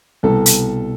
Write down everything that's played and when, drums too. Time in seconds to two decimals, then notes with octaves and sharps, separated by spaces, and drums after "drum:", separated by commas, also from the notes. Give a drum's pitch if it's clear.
0.23 C2 B2 A4
0.46 drum: hi-hat